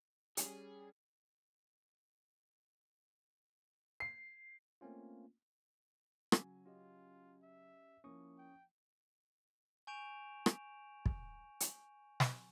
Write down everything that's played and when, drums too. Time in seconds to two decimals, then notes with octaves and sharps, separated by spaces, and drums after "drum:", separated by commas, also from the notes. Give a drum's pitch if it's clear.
0.37 G3 C#4 G#4, drum: hi-hat
4.00 C7
4.81 A3 A#3 C4 C#4 F4
6.32 C#3 F#3 G#5, drum: rim click
6.66 C#4 F4 G4 D#5
7.43 E5
8.04 F3 A#3 C#4 E4 C#6 D#6
8.38 G5
9.87 G#5 C#6 G6 D7 E7 F7
10.46 drum: rim click
11.06 drum: kick
11.60 drum: hi-hat
12.20 drum: snare